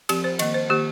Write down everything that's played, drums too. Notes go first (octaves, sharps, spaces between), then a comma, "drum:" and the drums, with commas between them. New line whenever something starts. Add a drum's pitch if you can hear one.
F3 C4 G4, drum: cymbal
C5
D#3 A#3 D#5, drum: cymbal
C5
D#3 A#3 G4